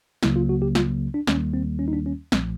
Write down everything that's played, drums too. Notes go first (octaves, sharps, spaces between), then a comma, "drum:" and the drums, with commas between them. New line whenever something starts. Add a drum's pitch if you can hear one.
C#2 C#3 F#3 A#3 E4, drum: snare
F4
F#4
G4
F4, drum: snare
D4
D#2 D#3 G3 A#3 C#4, drum: snare
C4
C#4
D#4
D4
C#4
B1 A#2 F3 A3 C4, drum: snare